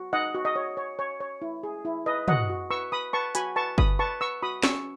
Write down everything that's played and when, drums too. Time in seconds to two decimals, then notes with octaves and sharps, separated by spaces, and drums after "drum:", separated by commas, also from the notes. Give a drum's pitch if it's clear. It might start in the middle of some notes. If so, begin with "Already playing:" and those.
Already playing: F#4
0.13 D#4 D#5 F#5
0.35 F#4
0.45 D#5
0.56 C#5
0.77 C#5
0.99 C#5
1.20 C#5
1.42 E4
1.63 G#4
1.85 E4
2.06 B4 D#5
2.28 F#4 D#5 F#5, drum: tom
2.49 F#4
2.70 B4 C#6 E6
2.92 B4 B5 D#6
3.13 B4 A5 C#6
3.35 F#4 G#5 B5, drum: hi-hat
3.56 B4 A5 C#6
3.78 B4 B5 D#6, drum: kick G1
3.99 B4 A5 C#6
4.21 B4 C#6 E6
4.42 F#4 B5 D#6
4.63 C#4 C#6 E6, drum: snare